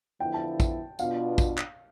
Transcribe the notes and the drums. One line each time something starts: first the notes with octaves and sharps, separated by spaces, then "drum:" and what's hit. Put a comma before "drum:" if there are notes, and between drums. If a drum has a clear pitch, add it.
D3 F3 B3 E4 G5
A5
drum: kick, tambourine
B2 B3 D4 F4 F5, drum: tambourine
drum: kick, tambourine
drum: clap